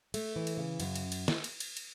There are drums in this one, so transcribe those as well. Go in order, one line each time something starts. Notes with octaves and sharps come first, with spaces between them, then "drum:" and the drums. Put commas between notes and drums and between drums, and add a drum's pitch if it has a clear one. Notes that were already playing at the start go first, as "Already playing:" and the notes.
A3, drum: cymbal
E3
drum: cymbal
C#3
F#2, drum: cymbal
drum: cymbal
drum: cymbal
drum: snare
drum: cymbal
drum: cymbal
drum: cymbal